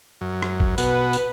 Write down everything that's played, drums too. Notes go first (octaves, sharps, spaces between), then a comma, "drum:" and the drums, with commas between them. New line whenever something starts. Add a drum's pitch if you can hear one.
F#2
drum: rim click
drum: kick A1
B2 F#4 B4, drum: tambourine
drum: tambourine